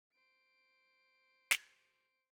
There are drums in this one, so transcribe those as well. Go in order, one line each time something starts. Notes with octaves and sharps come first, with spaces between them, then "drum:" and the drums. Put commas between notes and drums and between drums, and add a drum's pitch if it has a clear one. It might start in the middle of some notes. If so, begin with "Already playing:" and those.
C5 D7
drum: snare